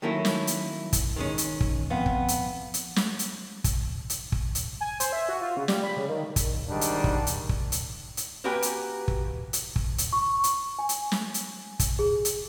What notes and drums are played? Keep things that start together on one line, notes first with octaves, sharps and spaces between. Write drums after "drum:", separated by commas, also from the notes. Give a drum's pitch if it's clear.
D#3 F#3 A3 A#3 C#4 E4
drum: snare
drum: hi-hat
drum: kick, hi-hat
D#3 G#3 C#4
drum: hi-hat
drum: kick
F2 B3 F5
drum: kick
drum: hi-hat
drum: hi-hat
drum: snare
drum: hi-hat
drum: kick, hi-hat
drum: hi-hat
drum: kick
drum: hi-hat
G#5
C5, drum: hi-hat
E5
F#4
F4
C#3
G3, drum: snare
B5
C#3
D#3
drum: kick, hi-hat
G#2 D#3 G3 D4
drum: hi-hat
drum: kick
drum: hi-hat
drum: kick
drum: hi-hat
drum: hi-hat
A#3 F#4 G4 B4 G5 G#5
drum: hi-hat
drum: kick
drum: hi-hat
drum: kick
drum: hi-hat
C#6
drum: hi-hat
G#5
drum: hi-hat
drum: snare
drum: hi-hat
drum: kick, hi-hat
G#4
drum: hi-hat